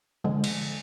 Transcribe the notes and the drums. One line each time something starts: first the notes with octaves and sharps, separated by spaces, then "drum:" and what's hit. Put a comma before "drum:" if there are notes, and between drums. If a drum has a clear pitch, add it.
D3 F3 G#3
drum: cymbal